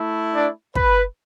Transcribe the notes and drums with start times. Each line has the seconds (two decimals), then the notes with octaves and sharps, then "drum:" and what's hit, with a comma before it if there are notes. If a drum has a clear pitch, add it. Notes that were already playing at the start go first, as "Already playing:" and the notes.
Already playing: A3 E4
0.33 D4 D5
0.75 B4, drum: kick